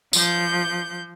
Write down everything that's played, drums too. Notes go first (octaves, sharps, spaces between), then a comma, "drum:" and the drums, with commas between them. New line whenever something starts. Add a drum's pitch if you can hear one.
F3 G6, drum: tambourine